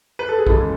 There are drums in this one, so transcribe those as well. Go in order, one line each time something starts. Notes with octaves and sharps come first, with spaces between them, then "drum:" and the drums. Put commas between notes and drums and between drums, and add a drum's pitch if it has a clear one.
B4
A4
G#4
D#2 C#3 E3 G#3 A4, drum: kick B1